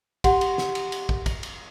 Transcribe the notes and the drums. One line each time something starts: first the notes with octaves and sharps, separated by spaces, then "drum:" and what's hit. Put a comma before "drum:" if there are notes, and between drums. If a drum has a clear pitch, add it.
G4 F#5 C6, drum: kick, cymbal
drum: cymbal
drum: snare
drum: cymbal
drum: cymbal
drum: kick
drum: kick, cymbal
drum: cymbal